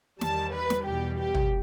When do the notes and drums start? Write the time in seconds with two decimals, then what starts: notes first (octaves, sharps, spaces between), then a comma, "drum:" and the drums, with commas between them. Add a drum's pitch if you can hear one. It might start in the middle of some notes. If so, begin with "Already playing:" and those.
0.21 E2 D#3 G3 A5, drum: snare
0.54 B4
0.70 drum: snare
0.86 E2 B2 G3 G4
1.18 G4
1.35 drum: tom